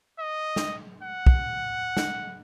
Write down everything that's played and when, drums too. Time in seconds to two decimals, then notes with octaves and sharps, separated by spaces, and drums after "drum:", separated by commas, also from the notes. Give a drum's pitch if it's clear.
0.20 D#5
0.56 drum: snare
1.03 F#5
1.26 drum: kick
1.97 drum: snare